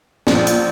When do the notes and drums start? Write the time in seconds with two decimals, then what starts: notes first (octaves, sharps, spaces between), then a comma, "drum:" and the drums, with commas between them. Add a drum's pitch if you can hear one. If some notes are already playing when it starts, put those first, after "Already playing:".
0.27 A#1, drum: snare
0.47 drum: hi-hat